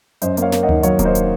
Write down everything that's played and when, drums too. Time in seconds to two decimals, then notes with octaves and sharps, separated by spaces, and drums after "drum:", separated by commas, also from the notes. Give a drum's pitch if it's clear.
0.22 F#2 C5 D#5, drum: hi-hat
0.37 A#3, drum: hi-hat
0.42 C#5 F5
0.52 A#3, drum: snare
0.63 D#5 F#5
0.69 D#3, drum: tom D2
0.83 F#3 C#5 F5, drum: hi-hat
0.99 A#3, drum: kick D#1, hi-hat
1.05 C5 D#5
1.15 drum: hi-hat